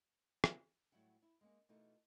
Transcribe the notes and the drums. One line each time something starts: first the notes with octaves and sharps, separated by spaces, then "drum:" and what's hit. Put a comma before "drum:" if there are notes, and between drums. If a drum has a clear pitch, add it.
drum: rim click
A2 F#3 G3 E4 F#5
E4
G#3 A#3 C#4
B2 E3 A3 D#4 F4 A#4